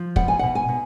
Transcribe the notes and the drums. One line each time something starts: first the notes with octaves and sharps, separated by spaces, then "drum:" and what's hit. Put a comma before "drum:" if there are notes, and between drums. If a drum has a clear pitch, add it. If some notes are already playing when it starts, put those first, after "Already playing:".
Already playing: F3
B2 F#5, drum: kick
G#5
B2 F#5
G#5
B2